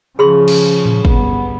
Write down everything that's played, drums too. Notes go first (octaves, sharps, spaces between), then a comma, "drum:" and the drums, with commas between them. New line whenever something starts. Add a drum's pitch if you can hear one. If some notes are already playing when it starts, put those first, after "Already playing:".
C#3 F3 G#4 B5 C6
drum: cymbal
drum: tom A2
G1 B3, drum: kick